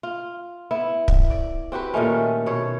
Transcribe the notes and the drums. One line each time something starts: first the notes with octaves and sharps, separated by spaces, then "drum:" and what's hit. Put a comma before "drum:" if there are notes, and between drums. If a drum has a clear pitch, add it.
F4
B3 E4
drum: kick
D5
C4 F#4 G4 B4
A#2 D#3 A3 C#4
B2 C#5